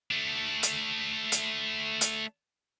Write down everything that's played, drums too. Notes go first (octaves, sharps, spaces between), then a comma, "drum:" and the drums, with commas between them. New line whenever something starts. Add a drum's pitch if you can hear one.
A3 D4
drum: hi-hat
drum: hi-hat
drum: hi-hat